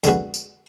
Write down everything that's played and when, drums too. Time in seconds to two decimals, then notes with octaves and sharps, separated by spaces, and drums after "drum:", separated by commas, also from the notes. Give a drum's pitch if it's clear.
0.04 F2 D3 G#3 B3 F#4, drum: tambourine
0.34 drum: tambourine